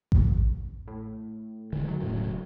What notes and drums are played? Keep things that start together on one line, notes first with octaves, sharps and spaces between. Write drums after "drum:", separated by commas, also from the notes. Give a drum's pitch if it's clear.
drum: kick A1
A2
D3 D#3 G#3
F#3
E1 A2 C#3